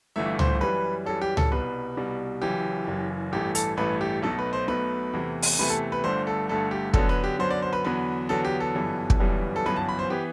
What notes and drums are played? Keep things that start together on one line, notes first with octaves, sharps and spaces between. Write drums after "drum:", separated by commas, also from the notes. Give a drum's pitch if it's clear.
G1 G2 E3 A3 E5
C5, drum: tom C#2
F#2 E3 G3 B4
F#2 E3 G3 A4
G4
A4, drum: tom C#2
C2 B2 G3 B4
C2 B2 G3
F#1 F#2 E3 G4
F#1 F#2 E3
A1 G2 E3 A3 G4
A4, drum: hi-hat
A1 G2 E3 A3 B4
G4
B1 B2 A3 A4
B4
C5
B1 B2 A3 B4
E2 C3 E3 A3
drum: open hi-hat
E2 C3 E3 A3 B4
A4
B4
G1 G2 D3 A3 C5
A4
G1 G2 D3 A3 A4
G4
F#2 D3 F#3 B3 A4, drum: kick
B4
G4
F#2 D3 F#3 B3 C5
D5
C5
B4
E2 D3 F#3 B3 B4
E2 D3 F#3 B3 A4
G4
A4
G1 F#2 E3 G3 B3
drum: kick
G1 F#2 E3 G3 B3
A4
G1 F#2 E3 B3 B4
A5
B5
C5
E3 B3 G4